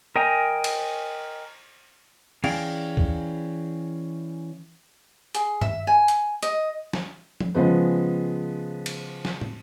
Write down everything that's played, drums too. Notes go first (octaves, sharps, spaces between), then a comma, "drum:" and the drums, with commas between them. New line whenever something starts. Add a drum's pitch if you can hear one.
A#4 D#5 G5 G#5 A#5
drum: cymbal
E3 C#4 G#4 D5 F5 G5, drum: cymbal
drum: kick
G#4, drum: hi-hat
E5, drum: tom G2
G#5
drum: hi-hat
D#5, drum: hi-hat
drum: snare
drum: tom F3
C#3 F3 G#3 B3
drum: cymbal
drum: snare
drum: tom